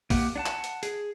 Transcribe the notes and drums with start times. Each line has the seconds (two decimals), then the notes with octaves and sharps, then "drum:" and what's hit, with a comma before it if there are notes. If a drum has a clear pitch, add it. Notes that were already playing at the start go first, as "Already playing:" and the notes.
0.10 A#3 G4 F#5, drum: kick A#1, open hi-hat
0.36 D4 F#5 A5
0.46 drum: clap
0.64 drum: hi-hat
0.83 G#4, drum: hi-hat